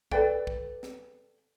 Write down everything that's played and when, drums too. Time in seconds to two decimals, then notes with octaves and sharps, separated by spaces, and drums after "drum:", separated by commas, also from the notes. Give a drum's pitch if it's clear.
0.11 A4 B4 D5 G5, drum: kick
0.47 drum: kick
0.83 drum: snare